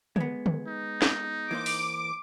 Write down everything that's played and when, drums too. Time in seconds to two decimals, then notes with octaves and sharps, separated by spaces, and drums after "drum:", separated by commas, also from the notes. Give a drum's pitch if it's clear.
0.16 G#3 B3, drum: tom D3
0.46 drum: tom D3
0.67 D#4
1.02 drum: snare
1.51 E3 A#3 C5 D6
1.66 drum: open hi-hat